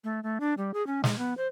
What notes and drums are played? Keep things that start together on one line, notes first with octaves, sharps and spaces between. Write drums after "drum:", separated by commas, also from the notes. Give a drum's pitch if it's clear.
A3
A3
D4
G3
G#4
C#4
G#3, drum: snare
B3
C5